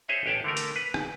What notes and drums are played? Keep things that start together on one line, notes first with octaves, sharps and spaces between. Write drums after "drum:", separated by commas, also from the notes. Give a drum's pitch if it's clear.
G#4 C5 C#5 D#5 E5 F#5
A1 G4 C#5 F#5 G5 A5
D3 A3 A#4
drum: hi-hat
B4
drum: rim click